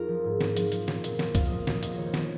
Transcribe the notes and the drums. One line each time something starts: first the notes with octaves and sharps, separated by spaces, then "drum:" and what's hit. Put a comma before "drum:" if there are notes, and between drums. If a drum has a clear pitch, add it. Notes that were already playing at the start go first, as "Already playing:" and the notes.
Already playing: F2 D#4 F4 G#4 A#4
F3
G#2
G#2, drum: snare
F3, drum: hi-hat
F3, drum: hi-hat
A#2, drum: snare
A#2, drum: hi-hat
F3, drum: snare
A#2 F5, drum: kick, hi-hat
F3 D#5
F5
A#2 D#5, drum: snare
F2 D#5, drum: hi-hat
D#3 C#5
C5
D#3 C#5, drum: snare